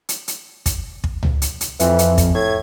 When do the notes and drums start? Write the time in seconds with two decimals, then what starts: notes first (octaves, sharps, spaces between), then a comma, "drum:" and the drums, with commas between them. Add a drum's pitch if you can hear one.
0.09 drum: hi-hat
0.28 drum: hi-hat
0.66 drum: kick, hi-hat
1.04 drum: kick
1.23 drum: tom C#2
1.42 drum: hi-hat
1.61 drum: hi-hat
1.80 F2 E3, drum: hi-hat
1.99 drum: hi-hat
2.18 drum: kick, hi-hat
2.34 A2 G#6